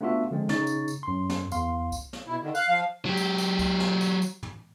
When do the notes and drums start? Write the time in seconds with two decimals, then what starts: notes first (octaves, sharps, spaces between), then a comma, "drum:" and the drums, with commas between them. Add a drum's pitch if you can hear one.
0.01 A3 B3 D4 F4 F#4 E5
0.31 D3 F3 G#3 C4
0.49 C#3 D#4 C#6 A6, drum: snare
0.67 drum: tambourine
0.88 drum: tambourine
1.03 F#2 C6
1.30 drum: snare
1.52 E2 F5 C6, drum: tambourine
1.92 drum: kick C2, tambourine
2.13 drum: snare
2.27 B2 E4
2.42 D3 D#3
2.55 F5 F#6, drum: tambourine
2.69 F3 F5
3.05 F#3 G4
3.17 drum: tambourine
3.38 drum: tambourine
3.59 drum: kick C2, tambourine
3.80 drum: snare
4.01 drum: tambourine
4.22 drum: tambourine
4.43 drum: tom